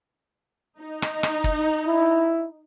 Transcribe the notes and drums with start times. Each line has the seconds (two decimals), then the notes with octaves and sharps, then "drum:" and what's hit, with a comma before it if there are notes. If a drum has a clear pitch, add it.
0.80 D#4
1.02 drum: rim click
1.23 drum: rim click
1.44 drum: kick
1.86 E4